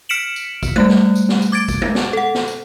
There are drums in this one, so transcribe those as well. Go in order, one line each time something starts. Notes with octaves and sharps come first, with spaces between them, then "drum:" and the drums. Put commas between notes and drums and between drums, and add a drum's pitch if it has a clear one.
F6 B6 C#7 D7 E7 F#7
drum: tambourine
drum: kick G#1, tambourine
G3 A3 F#6, drum: tom G#3
drum: snare
drum: tambourine
drum: snare
drum: tambourine
D6 G#6 A6 D7
drum: kick G#1, tambourine
drum: tom G#3
drum: snare
A4 F#5
drum: snare
drum: tambourine